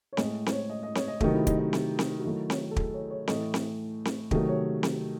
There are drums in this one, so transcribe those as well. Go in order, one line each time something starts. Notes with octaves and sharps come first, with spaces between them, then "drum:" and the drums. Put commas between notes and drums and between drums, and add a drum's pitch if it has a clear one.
C#5
A2 G#3 D#5, drum: snare C4
C5, drum: snare C4
C#5
D#5
D#5
C#5, drum: snare C4
D#5
C3 D#3 F#3 A3 D#5, drum: kick
E4
D#4, drum: kick, hi-hat
D#4
drum: snare C4
drum: snare C4
F#4
D#3 F#3 A3 E4
C#5, drum: snare C4
A4
G#4, drum: kick
C#5
C#5
A2 E3 A3 D#5, drum: snare C4
drum: snare C4
drum: snare C4
C3 D#3 F#3 A3 D#5, drum: kick
C#5
drum: snare C4